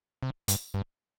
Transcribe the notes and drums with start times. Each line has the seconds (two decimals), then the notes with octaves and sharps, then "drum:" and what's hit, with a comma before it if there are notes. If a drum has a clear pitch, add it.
0.23 C3
0.48 G2, drum: hi-hat
0.74 G2